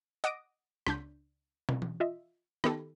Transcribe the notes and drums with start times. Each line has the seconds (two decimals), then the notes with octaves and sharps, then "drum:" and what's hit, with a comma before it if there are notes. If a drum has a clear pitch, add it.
0.24 D#5 F#5 D6 D#6 A#6 D7, drum: hi-hat
0.87 C#2 D4 G6, drum: rim click
1.69 drum: tom
1.82 drum: tom E3
2.00 F4 D#5 E5
2.64 D#3 B3 D#4 G4 A4, drum: rim click